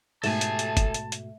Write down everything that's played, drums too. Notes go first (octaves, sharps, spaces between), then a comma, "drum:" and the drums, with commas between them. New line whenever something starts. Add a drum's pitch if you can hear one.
G#2 B2 A3 F#4 A4 G#5 A5, drum: open hi-hat
drum: hi-hat
drum: hi-hat
drum: kick G1, hi-hat
drum: hi-hat
drum: hi-hat